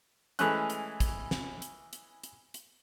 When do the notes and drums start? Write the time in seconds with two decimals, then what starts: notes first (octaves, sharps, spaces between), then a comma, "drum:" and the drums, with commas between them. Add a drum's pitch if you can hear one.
0.39 E3 G#3 A3 C#4 F#6, drum: hi-hat
0.70 drum: hi-hat
1.00 drum: kick, hi-hat
1.31 drum: snare
1.62 drum: hi-hat
1.93 drum: hi-hat
2.23 drum: hi-hat
2.54 drum: hi-hat